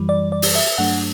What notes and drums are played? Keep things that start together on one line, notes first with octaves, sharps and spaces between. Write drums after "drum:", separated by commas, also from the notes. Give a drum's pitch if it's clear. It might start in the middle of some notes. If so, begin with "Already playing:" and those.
Already playing: F#2 E3 G3
D5
D5
drum: open hi-hat
E5
G2 F#3 A3 D4 F#5